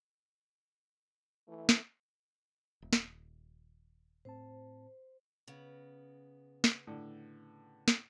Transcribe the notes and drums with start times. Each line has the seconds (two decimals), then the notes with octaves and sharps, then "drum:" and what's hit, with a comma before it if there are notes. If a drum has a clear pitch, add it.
1.48 E3 A3
1.69 drum: snare
2.82 D#1
2.93 drum: snare
4.25 A2 C4 C5 A5
5.47 C#3 B3
6.64 drum: snare
6.87 A2 D3
7.88 drum: snare